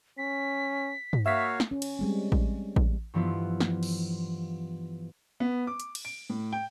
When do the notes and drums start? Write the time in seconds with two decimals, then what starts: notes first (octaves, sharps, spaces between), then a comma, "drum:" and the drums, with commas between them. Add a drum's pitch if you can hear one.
0.18 C#4 B6
1.13 drum: tom
1.26 A#3 F#4 C#5 E5 F5 B6
1.60 drum: snare
1.71 C#4
1.82 drum: cymbal
1.99 G3 G#3 C4
2.32 drum: kick A1
2.76 drum: kick A1
3.14 G2 E3 F3 B3 E4 F4
3.60 drum: snare
3.83 drum: cymbal
5.40 B3
5.67 D6
5.80 drum: hi-hat
5.95 drum: cymbal
6.05 D7
6.30 A2
6.53 G5